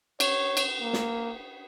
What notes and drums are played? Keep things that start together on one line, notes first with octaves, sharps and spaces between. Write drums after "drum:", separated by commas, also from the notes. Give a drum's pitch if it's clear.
C#5, drum: cymbal
drum: cymbal
A#3
drum: snare